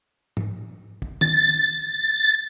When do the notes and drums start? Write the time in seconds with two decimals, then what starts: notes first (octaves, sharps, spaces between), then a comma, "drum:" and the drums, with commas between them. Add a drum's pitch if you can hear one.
0.37 drum: tom G#2
1.02 drum: kick
1.21 A6, drum: tom